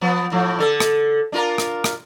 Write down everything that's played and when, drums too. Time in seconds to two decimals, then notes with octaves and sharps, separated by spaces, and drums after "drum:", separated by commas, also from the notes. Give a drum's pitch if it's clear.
0.01 F3 B3
0.32 A2 F3
0.59 D3 A4
0.80 drum: rim click
1.32 D4 F4 A#4
1.58 drum: rim click
1.84 drum: rim click